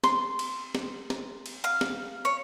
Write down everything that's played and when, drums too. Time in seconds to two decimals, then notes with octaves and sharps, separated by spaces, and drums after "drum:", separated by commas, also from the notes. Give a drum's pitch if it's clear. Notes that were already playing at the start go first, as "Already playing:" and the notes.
0.04 C6, drum: snare
0.39 drum: cymbal
0.75 drum: snare
1.10 drum: snare
1.46 drum: cymbal
1.64 F5
1.81 drum: snare
2.25 C#5